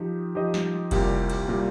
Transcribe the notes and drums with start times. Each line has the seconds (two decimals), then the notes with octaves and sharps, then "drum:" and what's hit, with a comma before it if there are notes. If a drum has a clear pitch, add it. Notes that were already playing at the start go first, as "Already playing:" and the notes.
Already playing: F3 D#4 G4
0.35 F3 D#4 G4 C5 D#5
0.54 drum: snare
0.91 C2 A#2 G3 A#3 G4, drum: kick F1, cymbal
1.30 drum: cymbal
1.48 A#2 G3 A#3 G4